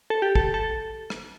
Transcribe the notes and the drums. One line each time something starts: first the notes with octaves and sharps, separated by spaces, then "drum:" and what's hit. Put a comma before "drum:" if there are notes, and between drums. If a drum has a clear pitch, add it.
A4
G4
A4, drum: kick
A4
drum: rim click